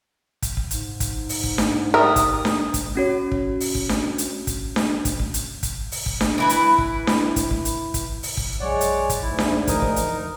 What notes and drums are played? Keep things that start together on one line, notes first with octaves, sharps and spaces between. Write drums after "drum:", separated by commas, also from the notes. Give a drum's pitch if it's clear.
drum: kick, hi-hat
drum: kick
G#2, drum: hi-hat
drum: kick, hi-hat
drum: open hi-hat
drum: kick
drum: snare D4
G3 A#4 E5 D#6
drum: kick, hi-hat
drum: snare D4
drum: kick, hi-hat
C#4 F#4 C#5
drum: kick
drum: open hi-hat
drum: kick
drum: snare D4
drum: hi-hat
drum: kick, hi-hat
drum: snare D4
drum: kick, hi-hat
drum: kick
drum: hi-hat
drum: kick, hi-hat
drum: open hi-hat
drum: kick
drum: snare D4
E3 E4 B4
drum: hi-hat
drum: kick
drum: snare D4
drum: kick, hi-hat
drum: kick
drum: hi-hat
drum: kick, hi-hat
drum: open hi-hat
drum: kick
A#1 F#2 G#3 C#5 D5 F#5
drum: hi-hat
drum: kick, hi-hat
D2 G#2 E4
drum: snare D4
F2 E3 D#4 A#4 D#6, drum: kick, hi-hat
drum: kick
drum: hi-hat